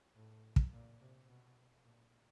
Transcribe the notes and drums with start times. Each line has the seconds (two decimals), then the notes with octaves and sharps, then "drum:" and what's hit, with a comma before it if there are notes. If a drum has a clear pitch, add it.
0.15 A2
0.56 drum: kick
0.72 A#2
1.01 C3
1.29 B2
1.85 A#2